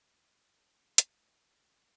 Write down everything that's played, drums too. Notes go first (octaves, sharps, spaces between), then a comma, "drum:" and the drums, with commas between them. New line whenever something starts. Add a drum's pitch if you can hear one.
A3
F#3
A3
A3 C#4
G#3 B3, drum: hi-hat
A3
A3 C#4
A3